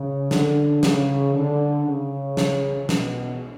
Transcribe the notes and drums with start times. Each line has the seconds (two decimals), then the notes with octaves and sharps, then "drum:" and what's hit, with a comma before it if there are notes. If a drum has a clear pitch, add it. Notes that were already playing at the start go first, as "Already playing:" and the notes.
Already playing: C#3
0.31 D3, drum: snare
0.83 C#3, drum: snare
1.34 D3
1.86 C#3
2.37 drum: snare
2.89 B2, drum: snare